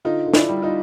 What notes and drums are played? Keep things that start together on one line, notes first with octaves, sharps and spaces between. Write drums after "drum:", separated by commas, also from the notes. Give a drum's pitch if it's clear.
D3 D#4 F4
D3
D4 E4, drum: snare
G3
D#4 F4